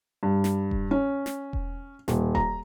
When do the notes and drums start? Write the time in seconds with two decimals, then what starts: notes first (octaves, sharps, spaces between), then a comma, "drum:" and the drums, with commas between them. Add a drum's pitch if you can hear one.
0.23 G2
0.44 drum: snare
0.71 drum: kick E1
0.91 C#4
1.26 drum: snare
1.53 drum: kick E1
2.08 D#1, drum: snare
2.35 A#5, drum: kick E1